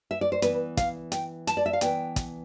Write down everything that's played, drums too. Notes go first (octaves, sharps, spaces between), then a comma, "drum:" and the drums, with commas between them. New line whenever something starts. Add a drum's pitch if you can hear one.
E5
D5
C5
E3 B3 B4, drum: hi-hat
F5, drum: kick, hi-hat
G5, drum: hi-hat
A5, drum: hi-hat
D5
E5
F5
E3 B3 G5, drum: hi-hat
drum: kick, hi-hat